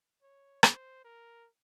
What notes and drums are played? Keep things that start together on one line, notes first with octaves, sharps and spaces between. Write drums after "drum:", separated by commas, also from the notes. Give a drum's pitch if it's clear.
C#5
C5, drum: rim click
A#4